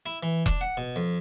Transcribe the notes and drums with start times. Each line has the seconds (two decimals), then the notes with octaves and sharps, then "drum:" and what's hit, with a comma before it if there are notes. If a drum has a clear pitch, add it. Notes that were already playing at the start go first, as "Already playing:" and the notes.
0.06 E4
0.23 E3
0.46 D4, drum: kick E1
0.61 F#5
0.77 B2
0.96 F2